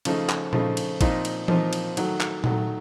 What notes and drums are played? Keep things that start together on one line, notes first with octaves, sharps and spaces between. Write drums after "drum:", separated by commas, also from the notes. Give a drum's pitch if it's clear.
C#3 F3 A3 D#4, drum: cymbal
drum: clap
C#3 F3 A3 D#4, drum: tom A#2
drum: cymbal
A#2 F3 C4 D#4, drum: kick, cymbal
drum: cymbal
A#2 F3 C4 D#4, drum: tom E3
drum: cymbal
D#3 F#3 A3, drum: cymbal
drum: clap
D#3 F#3 A3, drum: tom A#2